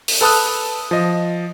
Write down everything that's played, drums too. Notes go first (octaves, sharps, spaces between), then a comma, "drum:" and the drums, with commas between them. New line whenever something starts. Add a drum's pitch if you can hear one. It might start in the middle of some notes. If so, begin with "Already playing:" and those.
drum: open hi-hat
A4 B4 A5 D#6 E6 F#6
F3 D#5